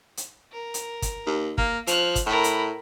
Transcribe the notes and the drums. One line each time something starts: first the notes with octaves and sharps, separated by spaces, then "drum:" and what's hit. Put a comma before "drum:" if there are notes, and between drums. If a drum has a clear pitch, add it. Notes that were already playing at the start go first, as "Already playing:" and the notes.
drum: hi-hat
A#4
drum: hi-hat
drum: kick, hi-hat
D#2
A#3, drum: kick
F3 F6 F#6, drum: hi-hat
drum: kick, hi-hat
A2 A#4 B5
drum: hi-hat